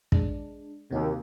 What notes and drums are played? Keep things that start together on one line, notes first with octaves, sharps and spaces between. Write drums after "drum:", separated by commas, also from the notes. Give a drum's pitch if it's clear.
G#3 D4, drum: kick
D#2 C3 F#4